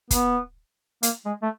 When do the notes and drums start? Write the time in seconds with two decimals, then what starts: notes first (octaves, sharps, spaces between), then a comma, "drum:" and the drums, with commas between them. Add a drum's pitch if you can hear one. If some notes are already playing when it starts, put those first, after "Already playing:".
0.11 B3, drum: kick, hi-hat
1.03 A#3, drum: hi-hat
1.25 G#3
1.42 A3